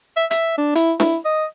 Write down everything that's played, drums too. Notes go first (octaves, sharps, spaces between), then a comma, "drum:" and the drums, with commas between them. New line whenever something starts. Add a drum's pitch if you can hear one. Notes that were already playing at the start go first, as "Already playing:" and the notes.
E5
E5, drum: hi-hat
D4
E4, drum: hi-hat
E4, drum: snare D4
D#5